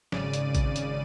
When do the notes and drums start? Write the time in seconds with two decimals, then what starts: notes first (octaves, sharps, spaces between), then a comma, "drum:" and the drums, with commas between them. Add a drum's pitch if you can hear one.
0.12 G#1 C#3 D5 D#7, drum: snare
0.33 drum: hi-hat
0.55 drum: kick A#1, hi-hat
0.76 drum: hi-hat